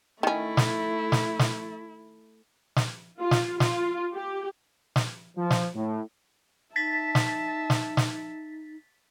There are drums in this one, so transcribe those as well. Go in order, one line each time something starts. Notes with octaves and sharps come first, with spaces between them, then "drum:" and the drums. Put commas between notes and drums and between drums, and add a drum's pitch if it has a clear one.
D#3 A3 C#4 E4
drum: snare
drum: snare
drum: snare
drum: snare
F4
drum: snare
F4, drum: snare
G4
drum: snare
F3
drum: snare
A2
D#4 E5 A5 A6 B6
drum: snare
drum: snare
drum: snare